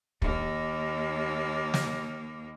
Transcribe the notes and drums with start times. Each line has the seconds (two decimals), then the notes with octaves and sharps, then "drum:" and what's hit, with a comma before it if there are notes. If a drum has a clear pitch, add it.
0.22 D#2 A#3, drum: kick
1.74 drum: snare